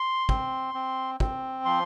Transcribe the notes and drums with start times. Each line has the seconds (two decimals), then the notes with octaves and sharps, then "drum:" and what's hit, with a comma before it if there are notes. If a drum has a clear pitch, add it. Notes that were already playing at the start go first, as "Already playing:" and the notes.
Already playing: C6
0.29 C4, drum: kick
0.74 C4
1.20 C4, drum: kick
1.65 F3 C6